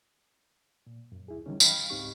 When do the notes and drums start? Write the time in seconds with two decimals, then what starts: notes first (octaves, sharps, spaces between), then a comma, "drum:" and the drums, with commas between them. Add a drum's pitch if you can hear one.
0.87 A#2
1.12 F#2
1.28 D2 E4 G#4
1.46 D3 D#3 F#3 G3 C#4
1.60 D#5 F5 G5 B5 F6, drum: tambourine
1.90 C#2 G#2 C4 D#4 G4 C#6